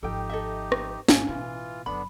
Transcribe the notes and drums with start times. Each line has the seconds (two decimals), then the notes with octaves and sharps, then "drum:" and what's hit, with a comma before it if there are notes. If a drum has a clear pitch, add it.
0.03 G#1 F3 D#4 G4 A4 G5
0.29 A4 D#5 E5
0.72 drum: rim click
1.08 G#1 D#2 C#4 F5 G#5, drum: snare
1.29 A1 B2 E3 F4
1.86 F#1 D3 F#3 B3 D4 B5